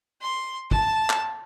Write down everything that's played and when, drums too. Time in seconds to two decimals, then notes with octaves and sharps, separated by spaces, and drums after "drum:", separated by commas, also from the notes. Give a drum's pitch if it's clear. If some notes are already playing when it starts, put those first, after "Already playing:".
0.22 C6
0.71 A5, drum: kick
1.10 drum: clap